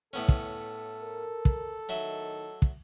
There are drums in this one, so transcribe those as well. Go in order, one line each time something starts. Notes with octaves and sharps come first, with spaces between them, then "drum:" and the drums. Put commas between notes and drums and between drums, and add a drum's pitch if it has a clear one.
A2 B3 C#4 A4
drum: kick
A#4
drum: kick
A2 D#3 F#3 D#5 E5
drum: kick